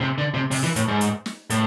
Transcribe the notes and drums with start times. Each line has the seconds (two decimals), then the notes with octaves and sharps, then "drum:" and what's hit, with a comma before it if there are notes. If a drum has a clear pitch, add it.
0.01 C3
0.18 D3
0.34 C3
0.51 C3, drum: open hi-hat
0.63 E3
0.76 A2, drum: hi-hat
0.88 G#2
1.01 drum: hi-hat
1.26 drum: snare
1.50 A2, drum: hi-hat